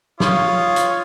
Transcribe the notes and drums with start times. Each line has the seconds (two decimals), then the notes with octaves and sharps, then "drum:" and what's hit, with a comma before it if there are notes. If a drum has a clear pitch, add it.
0.20 F4 C#5 D#6, drum: snare
0.76 drum: hi-hat